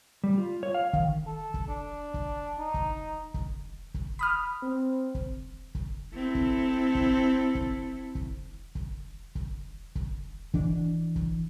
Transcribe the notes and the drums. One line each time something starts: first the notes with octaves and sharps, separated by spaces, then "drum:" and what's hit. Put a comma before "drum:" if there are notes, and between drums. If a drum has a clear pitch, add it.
G3
F4
C#5
F5
D#3, drum: kick
A4
drum: kick
D4
drum: kick
D#4
drum: kick
drum: kick
drum: kick
B5 D#6 F6
C4
drum: kick
drum: kick
C4 E4 A4
drum: kick
drum: kick
drum: kick
drum: kick
drum: kick
drum: kick
drum: kick
E3 D4, drum: kick
drum: kick